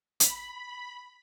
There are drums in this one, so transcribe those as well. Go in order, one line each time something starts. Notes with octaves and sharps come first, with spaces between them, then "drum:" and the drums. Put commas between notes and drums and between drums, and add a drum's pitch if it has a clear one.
B5, drum: hi-hat